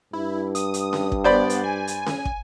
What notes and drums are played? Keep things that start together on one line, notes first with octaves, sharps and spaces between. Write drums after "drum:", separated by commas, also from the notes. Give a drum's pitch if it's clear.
G2 E4
D#6, drum: hi-hat
drum: hi-hat
drum: snare C#4
drum: kick
B3 C5 D5 B5
drum: hi-hat
G#5
drum: hi-hat
drum: snare C#4
drum: kick